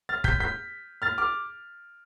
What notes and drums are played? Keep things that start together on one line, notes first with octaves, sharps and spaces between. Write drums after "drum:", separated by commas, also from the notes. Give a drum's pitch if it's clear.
F6 A6
G6 B6, drum: kick
G6 B6
F6 A6
D6 F6